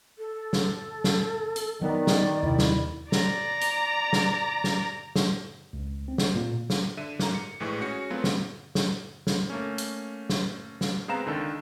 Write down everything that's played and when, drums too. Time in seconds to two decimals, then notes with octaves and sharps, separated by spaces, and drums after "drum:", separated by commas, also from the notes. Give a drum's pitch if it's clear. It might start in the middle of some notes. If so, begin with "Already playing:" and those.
0.19 A4
0.53 drum: snare
1.04 drum: snare
1.56 drum: hi-hat
1.81 D#3 F#3 B3 D5
2.07 drum: snare
2.43 D#2 C3 E4
2.59 drum: snare
3.12 D5 A#5, drum: snare
3.61 drum: hi-hat
4.13 drum: snare
4.64 drum: snare
5.16 drum: snare
5.73 C#2
6.08 C4
6.18 drum: snare
6.35 A#2
6.70 drum: snare
6.97 D3 E5 D#7
7.19 G#2 A#4 A#5, drum: snare
7.34 C#7
7.60 A#1 A2 E3 G#3 C#6
7.81 C#4 F#4 G#4 C#7
8.10 F#3 A3 B3 C4 F4
8.24 drum: snare
8.75 drum: snare
9.27 drum: snare
9.50 A3 A#3 C#4
9.78 drum: hi-hat
10.30 drum: snare
10.81 drum: snare
11.08 G#3 B3 C4 F5 A#5 E7
11.26 C#2 D3 D#3 A4